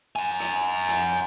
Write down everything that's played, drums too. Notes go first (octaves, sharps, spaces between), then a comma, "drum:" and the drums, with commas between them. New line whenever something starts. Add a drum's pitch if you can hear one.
F#5 G#5
drum: hi-hat
drum: hi-hat